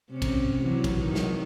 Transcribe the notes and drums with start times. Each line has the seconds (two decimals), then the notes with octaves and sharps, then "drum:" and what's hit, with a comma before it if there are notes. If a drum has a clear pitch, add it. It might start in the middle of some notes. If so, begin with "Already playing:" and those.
0.10 C3 C#4
0.22 drum: kick, cymbal
0.61 C3 E3 F#3
0.84 drum: kick, cymbal
1.00 D#3 F#3 D#4
1.15 drum: snare